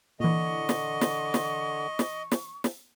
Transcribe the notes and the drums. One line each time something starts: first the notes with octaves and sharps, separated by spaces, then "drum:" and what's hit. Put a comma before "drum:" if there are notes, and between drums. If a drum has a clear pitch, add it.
A#2 D3 E3 D#5 C#6
drum: snare
drum: snare
drum: snare
drum: snare
drum: snare
drum: snare